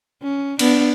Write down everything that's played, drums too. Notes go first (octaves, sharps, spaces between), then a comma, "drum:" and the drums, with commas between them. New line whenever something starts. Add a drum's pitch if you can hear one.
C#4
B3 D4, drum: cymbal